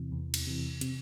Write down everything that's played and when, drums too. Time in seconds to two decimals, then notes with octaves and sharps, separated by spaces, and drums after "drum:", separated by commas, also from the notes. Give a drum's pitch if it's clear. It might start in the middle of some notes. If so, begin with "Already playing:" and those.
Already playing: E2 C3 E3
0.12 E2
0.34 drum: cymbal
0.47 C3 E3
0.81 C3, drum: hi-hat